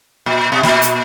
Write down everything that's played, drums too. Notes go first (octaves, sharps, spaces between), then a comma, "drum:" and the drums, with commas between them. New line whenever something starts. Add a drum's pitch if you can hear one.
A#2
B2
A#2, drum: snare
drum: hi-hat